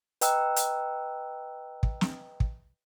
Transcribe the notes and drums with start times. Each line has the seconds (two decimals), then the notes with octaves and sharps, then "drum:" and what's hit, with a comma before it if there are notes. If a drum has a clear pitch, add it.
0.21 B4 D#5 G5 A#5 E6 F#6, drum: hi-hat
0.56 drum: hi-hat
1.83 drum: kick
2.01 drum: snare
2.40 drum: kick